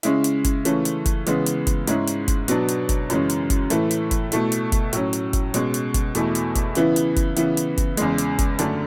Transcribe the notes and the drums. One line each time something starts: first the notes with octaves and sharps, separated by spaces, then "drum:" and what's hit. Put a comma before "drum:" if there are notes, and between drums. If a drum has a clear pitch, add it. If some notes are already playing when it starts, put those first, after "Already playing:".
C#3 G#3 C#4 E4, drum: hi-hat
drum: hi-hat
drum: kick F#1, hi-hat
C#3 E3 A3 C#4, drum: hi-hat
drum: hi-hat
drum: kick F#1, hi-hat
C#3 E3 G#3 B3, drum: hi-hat
drum: hi-hat
drum: kick F#1, hi-hat
G#2 G#3 C#4 E4, drum: hi-hat
drum: hi-hat
drum: kick F#1, hi-hat
B2 F#3 B3 D4, drum: hi-hat
drum: hi-hat
drum: kick F#1, hi-hat
F#2 C#3 E3 G#3 C#4, drum: hi-hat
drum: hi-hat
drum: kick F#1, hi-hat
A2 E3 A3 E4, drum: hi-hat
drum: hi-hat
drum: kick F#1, hi-hat
B2 A3 E4, drum: hi-hat
drum: hi-hat
drum: kick F#1, hi-hat
A2 F#3 C#4, drum: hi-hat
drum: hi-hat
drum: kick F#1, hi-hat
B2 G#3 C#4, drum: hi-hat
drum: hi-hat
drum: kick F#1, hi-hat
E2 B2 A3 E4, drum: hi-hat
drum: hi-hat
drum: kick F#1, hi-hat
C#3 E3 B3 E4, drum: hi-hat
drum: hi-hat
drum: kick F#1, hi-hat
C#3 E3 B3 E4, drum: hi-hat
drum: hi-hat
drum: kick F#1, hi-hat
E2 C#3 G#3, drum: hi-hat
drum: hi-hat
drum: kick F#1, hi-hat
F#2 D3 A3 D4, drum: hi-hat